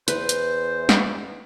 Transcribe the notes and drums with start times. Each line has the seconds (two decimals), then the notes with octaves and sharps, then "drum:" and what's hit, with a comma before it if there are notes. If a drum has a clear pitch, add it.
0.08 E2 B4 C5, drum: hi-hat
0.29 drum: hi-hat
0.89 drum: snare